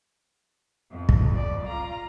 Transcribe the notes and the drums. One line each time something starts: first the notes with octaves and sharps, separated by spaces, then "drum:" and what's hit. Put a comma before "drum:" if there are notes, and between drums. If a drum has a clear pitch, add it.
F2
drum: kick
D5
F4 A#5